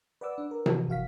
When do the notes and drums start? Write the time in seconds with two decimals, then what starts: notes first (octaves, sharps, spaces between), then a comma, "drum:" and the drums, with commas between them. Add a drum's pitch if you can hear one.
0.21 B4 D5 F#5 D6 E6
0.38 D4
0.51 A#4
0.66 E3 F3 F#4, drum: tom C3
0.88 G1 F#4 F5 B6